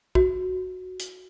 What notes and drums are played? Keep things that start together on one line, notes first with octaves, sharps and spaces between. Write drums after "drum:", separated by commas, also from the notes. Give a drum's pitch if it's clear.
F#4, drum: kick
drum: hi-hat